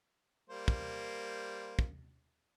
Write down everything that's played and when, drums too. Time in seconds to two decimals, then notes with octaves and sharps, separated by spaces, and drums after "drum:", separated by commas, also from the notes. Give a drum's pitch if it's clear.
0.49 G3 A#3 C5
0.68 drum: kick
1.79 drum: kick